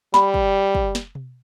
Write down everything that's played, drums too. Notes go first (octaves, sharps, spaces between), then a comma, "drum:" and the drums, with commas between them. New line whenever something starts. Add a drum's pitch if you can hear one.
G3 B5, drum: snare
drum: kick
drum: kick
drum: snare
drum: tom B2